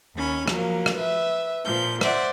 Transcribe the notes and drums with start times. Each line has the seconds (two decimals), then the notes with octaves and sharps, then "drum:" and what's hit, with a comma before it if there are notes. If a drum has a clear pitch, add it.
0.16 D#2 C#4 B5
0.48 F3 F#3 A#3, drum: rim click
0.86 drum: rim click
0.95 B4 E5
1.64 A#2 F3 G6
2.01 C5 D5 E5 F#5, drum: rim click